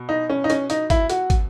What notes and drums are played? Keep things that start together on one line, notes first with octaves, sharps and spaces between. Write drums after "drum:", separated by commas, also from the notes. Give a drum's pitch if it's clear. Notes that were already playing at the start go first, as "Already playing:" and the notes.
Already playing: B2
D#4
C#4
D#4
C#4, drum: hi-hat
D#4, drum: hi-hat
E4, drum: kick, hi-hat
F#4, drum: hi-hat
drum: kick, hi-hat